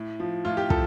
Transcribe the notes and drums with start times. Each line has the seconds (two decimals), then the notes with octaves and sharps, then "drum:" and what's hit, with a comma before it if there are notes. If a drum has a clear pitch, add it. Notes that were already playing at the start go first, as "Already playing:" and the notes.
Already playing: A2
0.20 F3
0.45 A2 F4
0.57 G4
0.70 F3 A4, drum: kick